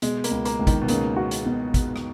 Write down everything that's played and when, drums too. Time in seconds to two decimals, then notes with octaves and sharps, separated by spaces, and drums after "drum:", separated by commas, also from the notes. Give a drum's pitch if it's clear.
0.02 B2 G#3, drum: hi-hat
0.24 A#3, drum: hi-hat
0.31 C#2
0.45 A#3, drum: hi-hat
0.59 C#2
0.67 D#3, drum: kick, hi-hat
0.82 B2
0.88 C#3 A#3, drum: hi-hat
1.16 F#4
1.31 drum: hi-hat
1.46 B2
1.74 drum: kick, hi-hat
1.96 drum: rim click